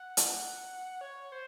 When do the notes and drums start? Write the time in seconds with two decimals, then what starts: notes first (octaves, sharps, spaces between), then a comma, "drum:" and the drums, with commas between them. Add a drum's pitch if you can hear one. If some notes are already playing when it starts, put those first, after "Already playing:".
Already playing: F#5
0.17 drum: hi-hat
1.01 C#5
1.32 C5